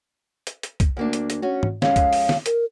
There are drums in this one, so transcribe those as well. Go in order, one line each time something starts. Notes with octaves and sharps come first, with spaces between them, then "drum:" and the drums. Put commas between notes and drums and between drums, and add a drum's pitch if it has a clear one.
drum: hi-hat
drum: hi-hat
drum: kick, hi-hat
D2 A#3 D4
drum: hi-hat
drum: hi-hat
C#4 F#4
drum: tom G#2
F2 G#3 C#4 F5, drum: snare
drum: kick, hi-hat
drum: open hi-hat
drum: snare
A#4, drum: hi-hat